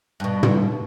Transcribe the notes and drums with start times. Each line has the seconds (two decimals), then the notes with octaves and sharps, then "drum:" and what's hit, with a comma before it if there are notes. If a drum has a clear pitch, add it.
0.20 G2 B2
0.43 drum: tom